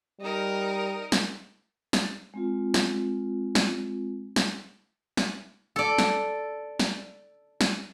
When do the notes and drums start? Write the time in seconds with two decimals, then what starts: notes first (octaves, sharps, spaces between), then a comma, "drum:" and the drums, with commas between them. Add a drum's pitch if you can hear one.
0.21 G3 D#4 A#4
1.12 drum: snare
1.93 drum: snare
2.34 G#3 C4 F4
2.74 drum: snare
3.55 drum: snare
4.36 drum: snare
5.17 drum: snare
5.76 A4 D5
5.98 drum: snare
6.80 drum: snare
7.61 drum: snare